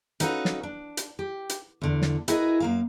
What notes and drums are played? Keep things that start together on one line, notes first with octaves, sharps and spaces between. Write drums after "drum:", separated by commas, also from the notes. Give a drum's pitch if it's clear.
C#4 D#4 F#4 A4 B4 F5, drum: hi-hat
drum: snare
D4
drum: hi-hat
G4
drum: hi-hat
E2 D3
drum: snare
E4 F#4 G#4 A#4 B4 D#5, drum: hi-hat
F#2 A#3 F5